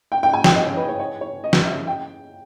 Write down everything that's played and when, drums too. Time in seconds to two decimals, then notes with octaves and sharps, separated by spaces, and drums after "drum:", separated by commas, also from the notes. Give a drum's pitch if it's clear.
0.12 G5
0.23 G5
0.33 G#5
0.44 G5, drum: snare
0.55 D#5
0.66 C#5
0.77 B4
0.89 C#5
1.00 C#5
1.21 C#5
1.44 D#5
1.53 drum: snare
1.65 E5
1.87 G5